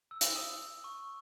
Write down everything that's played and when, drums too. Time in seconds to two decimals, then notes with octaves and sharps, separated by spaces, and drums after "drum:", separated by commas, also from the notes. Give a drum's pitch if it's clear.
0.11 E6
0.21 drum: hi-hat
0.36 D#6
0.84 C#6